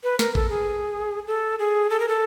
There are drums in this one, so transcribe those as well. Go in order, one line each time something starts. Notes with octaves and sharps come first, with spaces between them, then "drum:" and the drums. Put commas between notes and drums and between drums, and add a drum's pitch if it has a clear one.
B4
A#4, drum: snare
A4, drum: kick G#1
G#4
A4
G#4
A4
A#4
A4